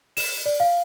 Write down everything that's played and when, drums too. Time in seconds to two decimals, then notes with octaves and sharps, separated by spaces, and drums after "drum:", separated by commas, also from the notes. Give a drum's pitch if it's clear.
0.17 E7, drum: open hi-hat
0.46 D5
0.60 F5